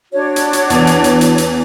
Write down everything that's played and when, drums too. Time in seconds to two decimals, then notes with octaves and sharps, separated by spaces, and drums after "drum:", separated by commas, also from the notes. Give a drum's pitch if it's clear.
0.12 D4 F#4 C#5
0.36 drum: hi-hat
0.53 drum: hi-hat
0.70 E2 E3, drum: hi-hat
0.87 drum: hi-hat
1.04 drum: hi-hat
1.21 drum: hi-hat
1.38 drum: hi-hat